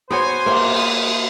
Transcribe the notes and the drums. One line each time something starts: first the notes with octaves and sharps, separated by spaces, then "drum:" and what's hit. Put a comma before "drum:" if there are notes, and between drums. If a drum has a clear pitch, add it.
B3 F#4 C5 C#5 G#5 C6
A#3 G4, drum: cymbal
D#6